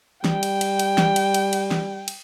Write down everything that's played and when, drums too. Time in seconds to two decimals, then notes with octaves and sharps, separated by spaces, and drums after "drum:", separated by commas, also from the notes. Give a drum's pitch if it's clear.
0.24 G3 G5, drum: snare
0.43 drum: cymbal
0.61 drum: cymbal
0.79 drum: cymbal
0.98 drum: snare
1.16 drum: cymbal
1.34 drum: cymbal
1.53 drum: cymbal
1.71 drum: snare
2.08 drum: cymbal